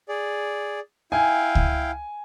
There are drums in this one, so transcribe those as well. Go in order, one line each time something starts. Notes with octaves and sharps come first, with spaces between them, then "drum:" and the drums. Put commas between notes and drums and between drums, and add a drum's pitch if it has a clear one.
G#4 D5
E4 F5 G5 G#5
drum: kick C#2